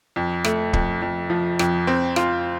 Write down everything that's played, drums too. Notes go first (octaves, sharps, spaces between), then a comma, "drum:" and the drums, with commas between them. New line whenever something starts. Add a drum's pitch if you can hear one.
F2
A3, drum: rim click
F2, drum: kick D1
F2
F3
F2, drum: rim click
C4
F4, drum: rim click